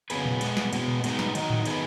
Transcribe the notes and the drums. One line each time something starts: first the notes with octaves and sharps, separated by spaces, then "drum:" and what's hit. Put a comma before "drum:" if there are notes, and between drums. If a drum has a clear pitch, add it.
C#3 F#3 B3 G#4 B4, drum: cymbal
drum: tom A#2
B2 G#3 B3, drum: cymbal
drum: snare
B2 G#3 B3, drum: cymbal
drum: tom A#2
B2 G#3 B3 D#4, drum: cymbal
drum: snare
D#3 F#3 D#4, drum: cymbal
drum: tom A2
D#3 B3 G#4 B4, drum: cymbal